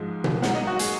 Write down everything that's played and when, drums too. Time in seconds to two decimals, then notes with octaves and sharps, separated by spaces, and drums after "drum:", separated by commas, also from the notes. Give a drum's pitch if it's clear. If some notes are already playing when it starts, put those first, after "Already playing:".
Already playing: G#2 F3 G#3
0.24 drum: tom B2
0.42 G#2 F#3 A#3 F#5, drum: snare
0.55 D#5
0.67 F#4
0.79 G#4, drum: hi-hat